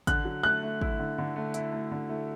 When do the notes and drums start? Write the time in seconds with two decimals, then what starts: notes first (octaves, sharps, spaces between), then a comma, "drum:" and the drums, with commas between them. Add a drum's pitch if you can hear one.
0.07 D3 F#6, drum: kick, hi-hat
0.25 F#3
0.43 A3 F#6
0.63 A3
0.81 E4, drum: kick
0.99 D3
1.18 D3
1.36 A3
1.54 E4, drum: hi-hat
1.72 A3
1.91 D3
2.09 A3